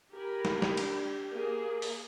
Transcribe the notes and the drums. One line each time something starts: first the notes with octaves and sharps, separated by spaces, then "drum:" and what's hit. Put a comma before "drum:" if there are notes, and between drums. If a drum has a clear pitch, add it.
G4 A#4 G#5 B5
drum: snare
drum: snare
D4, drum: cymbal
A#3 G#4 A#4
drum: open hi-hat